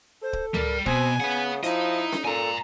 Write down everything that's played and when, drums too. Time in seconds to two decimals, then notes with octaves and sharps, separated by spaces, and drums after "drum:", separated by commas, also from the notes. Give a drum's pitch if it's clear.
0.23 A4 C5
0.33 drum: kick
0.54 G3 A#4, drum: tom C#2
0.86 B2 C4 G#5, drum: kick
1.20 C#3 B4 F#5
1.63 F3 D#4 E4 D#5, drum: hi-hat
2.12 drum: snare C#4
2.25 A#2 A4 G#5 A#5